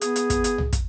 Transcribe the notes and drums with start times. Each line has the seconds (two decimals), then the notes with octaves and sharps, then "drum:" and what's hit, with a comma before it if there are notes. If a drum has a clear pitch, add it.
0.01 B3 G#4, drum: hi-hat
0.16 drum: hi-hat
0.30 drum: kick, hi-hat
0.44 drum: hi-hat
0.58 drum: tom C2
0.73 drum: kick, hi-hat